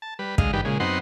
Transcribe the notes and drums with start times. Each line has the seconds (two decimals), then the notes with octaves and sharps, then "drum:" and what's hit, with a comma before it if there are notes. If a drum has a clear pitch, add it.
0.02 A5
0.19 G3 B4
0.38 D2 G#3 D#5 F5, drum: kick
0.53 G2 D#3 G4 B4
0.65 A#2 C#3 G#3
0.80 F#2 B3 C4 D#4 F#5 C6